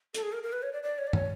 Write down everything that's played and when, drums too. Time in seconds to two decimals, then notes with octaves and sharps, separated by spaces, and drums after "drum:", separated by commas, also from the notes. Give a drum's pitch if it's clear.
0.14 A4, drum: hi-hat
0.23 G#4
0.33 A#4
0.43 A#4
0.53 B4
0.63 C#5
0.73 D5
0.83 D5
0.98 C#5
1.07 D5
1.13 C#5, drum: tom